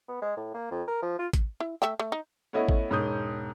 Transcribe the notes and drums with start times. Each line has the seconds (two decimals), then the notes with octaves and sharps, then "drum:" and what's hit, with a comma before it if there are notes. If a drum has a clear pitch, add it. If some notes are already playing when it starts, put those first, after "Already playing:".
0.09 B3
0.22 G#3
0.37 A2
0.54 A#3
0.71 F2
0.87 A#4
1.02 F3
1.19 F4
1.33 drum: kick A1, hi-hat
1.60 E4
1.82 A3 E5 G5
2.00 A3
2.12 D#4
2.53 A3 B3 C#4 E4 D#5
2.69 drum: kick A1
2.90 E1 G#2 C#4 D#6 G6